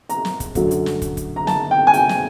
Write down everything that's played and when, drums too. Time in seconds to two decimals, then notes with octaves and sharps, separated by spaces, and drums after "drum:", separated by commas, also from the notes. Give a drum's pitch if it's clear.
0.09 A#5, drum: hi-hat
0.25 drum: snare
0.40 drum: kick, hi-hat
0.55 F#2 D3 F#3 A3, drum: kick, hi-hat
0.71 drum: hi-hat
0.86 drum: snare
1.02 drum: kick, hi-hat
1.17 drum: kick, hi-hat
1.36 A#5
1.47 A5, drum: snare
1.71 G5
1.87 G#5
1.94 G5, drum: hi-hat
2.09 drum: snare